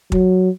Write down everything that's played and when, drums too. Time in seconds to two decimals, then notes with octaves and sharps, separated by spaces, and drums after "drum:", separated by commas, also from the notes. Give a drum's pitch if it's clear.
0.12 F#3, drum: kick